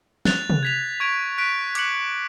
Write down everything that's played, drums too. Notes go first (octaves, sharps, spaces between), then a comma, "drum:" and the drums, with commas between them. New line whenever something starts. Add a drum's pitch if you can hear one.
F#6 A6 F7, drum: snare
drum: tom
G#6 B6 F7
C#6 G#6 D7 F7
F#6 B6 D7
D6 F#6 C#7 F#7, drum: hi-hat